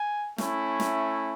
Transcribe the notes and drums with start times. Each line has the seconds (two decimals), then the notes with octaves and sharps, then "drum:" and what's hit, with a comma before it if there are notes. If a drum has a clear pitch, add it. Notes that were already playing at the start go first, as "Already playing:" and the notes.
Already playing: G#5
0.38 A3 C#4 E4, drum: snare
0.80 drum: snare